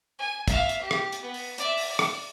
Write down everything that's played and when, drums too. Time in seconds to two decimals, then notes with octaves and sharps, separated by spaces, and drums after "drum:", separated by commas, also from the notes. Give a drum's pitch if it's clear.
0.19 G#5
0.48 E5 F5, drum: kick, hi-hat
0.69 drum: hi-hat
0.81 G4
0.91 drum: rim click
1.12 drum: hi-hat
1.22 B3
1.34 drum: open hi-hat
1.58 D5 E5, drum: hi-hat
1.77 drum: open hi-hat
1.89 D5
1.99 drum: rim click